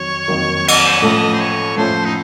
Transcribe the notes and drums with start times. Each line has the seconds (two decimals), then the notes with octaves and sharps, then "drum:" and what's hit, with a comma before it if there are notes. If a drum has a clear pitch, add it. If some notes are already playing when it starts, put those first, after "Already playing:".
Already playing: F2 D#3 F#3 C#5
0.28 F2 D#3 F#3 A#3
0.68 A4, drum: cymbal
0.77 A#4
0.86 C5
0.94 C#5
1.02 A2 F3 A3 C#4 A4 D#5
1.34 C5
1.40 C#5
1.77 A2 F3 A3 C#4 A4 C5
2.05 D#4